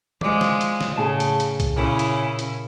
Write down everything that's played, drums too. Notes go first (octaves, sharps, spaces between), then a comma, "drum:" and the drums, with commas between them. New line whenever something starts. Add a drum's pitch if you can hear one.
F3 G#3 D5 D6, drum: tom
drum: snare
drum: hi-hat
drum: snare
A2 C#3 G#4 A5 E7
drum: hi-hat
drum: hi-hat
drum: kick C2, hi-hat
A#2 C#3 C#4 E4
drum: hi-hat
drum: hi-hat